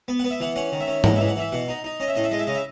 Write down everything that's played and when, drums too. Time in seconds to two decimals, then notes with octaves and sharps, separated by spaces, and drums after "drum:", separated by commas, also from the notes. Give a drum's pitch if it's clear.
0.08 B3
0.19 B3 F#5
0.30 E5
0.40 E3 F#5
0.56 C#4 F#5
0.72 D#3
0.80 E5
0.88 C#4
1.04 G#3 F#5, drum: tom G#2
1.16 E3 E5
1.28 F#5
1.36 E3 E5
1.52 B2 F#5
1.68 D#4
1.84 D#4
2.00 C#4 D#5
2.08 E5
2.15 A2 D#5
2.24 E5
2.31 G#3 D#5
2.39 E5
2.47 C#3 D#5
2.55 E5